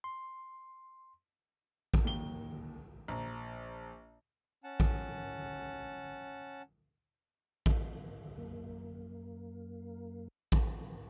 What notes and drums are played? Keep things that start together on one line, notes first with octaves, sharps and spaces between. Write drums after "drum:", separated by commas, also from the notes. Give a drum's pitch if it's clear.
C6
drum: kick A1
D#2 G7
A#1 A#5
C#4 F#5 A5
drum: kick A1
drum: kick A1
F#2 A#3
drum: kick A1